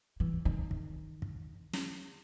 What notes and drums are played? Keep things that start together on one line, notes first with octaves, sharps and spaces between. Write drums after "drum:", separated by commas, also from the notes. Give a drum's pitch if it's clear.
E3
D#3
drum: kick
drum: kick
drum: snare